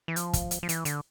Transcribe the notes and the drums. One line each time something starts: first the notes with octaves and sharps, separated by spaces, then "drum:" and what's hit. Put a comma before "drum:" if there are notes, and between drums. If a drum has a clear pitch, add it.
E3
F3, drum: hi-hat
drum: kick, hi-hat
drum: hi-hat
F3
E3, drum: hi-hat
D3, drum: hi-hat